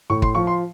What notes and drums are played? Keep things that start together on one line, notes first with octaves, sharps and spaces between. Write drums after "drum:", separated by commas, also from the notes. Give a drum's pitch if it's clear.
A2 C#6
C6, drum: kick
F3 C#6
C6